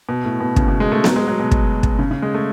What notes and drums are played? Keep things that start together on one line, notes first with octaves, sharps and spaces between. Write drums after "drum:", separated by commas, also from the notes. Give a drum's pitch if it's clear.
B2
A2
B2
C#3, drum: kick
B2
G#3
A3
F#3, drum: snare B3
G#3
F#3
B2
drum: kick
drum: kick
C#3
C#3
G#3
A3